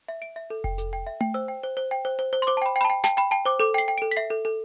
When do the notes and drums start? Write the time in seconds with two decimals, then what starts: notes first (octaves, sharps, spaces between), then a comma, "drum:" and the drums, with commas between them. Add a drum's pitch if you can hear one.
0.08 E5
0.22 E5 D7
0.36 E5
0.50 A4
0.64 G5, drum: kick F1
0.78 A4, drum: hi-hat
0.93 G5
1.07 E5
1.21 G5, drum: tom A3
1.34 C5 E6
1.48 G5
1.63 C5
1.77 C5
1.91 G5
2.05 C5
2.19 C5
2.33 C5
2.42 C6, drum: hi-hat
2.47 C5 D6
2.57 A5
2.62 G5 B5
2.76 G5
2.81 B5
2.85 A5
2.90 G5
3.04 G5 A5, drum: snare
3.17 G5 B5
3.31 G5 A5
3.45 C5 D6
3.60 A4 D6
3.74 G5 C7
3.88 G5
3.98 A4 D7
4.11 B6
4.16 E5 C7
4.30 A4
4.45 A4